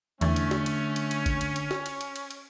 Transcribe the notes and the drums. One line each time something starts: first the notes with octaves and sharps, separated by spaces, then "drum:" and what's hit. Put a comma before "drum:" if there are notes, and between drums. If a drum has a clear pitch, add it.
E2 D3 E3 A3 C#4, drum: cymbal
drum: cymbal
drum: snare
drum: cymbal
drum: cymbal
drum: cymbal
drum: kick G#1, cymbal
drum: cymbal
drum: cymbal
drum: snare
drum: cymbal
drum: cymbal
drum: cymbal
drum: cymbal